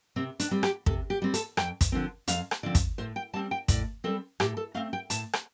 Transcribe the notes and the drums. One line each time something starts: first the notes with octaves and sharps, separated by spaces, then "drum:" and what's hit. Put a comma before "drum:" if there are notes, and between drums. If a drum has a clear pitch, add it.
C3 C4
D4, drum: hi-hat
G3 C4
G4, drum: rim click
C3 A4, drum: kick
G4
G3 C4
A4, drum: hi-hat
F2 G5, drum: rim click
drum: kick, hi-hat
D3 F3 C4
F2 F5, drum: hi-hat
drum: rim click
D3 F3 C4 D5
drum: kick, hi-hat
A2 C5
G5
G3 C4 A5
G5
A2 D5, drum: kick, hi-hat
G3 C4 A4
A2 G4, drum: rim click
A4
A3 C4 F5
G5
A2 A5, drum: hi-hat
drum: rim click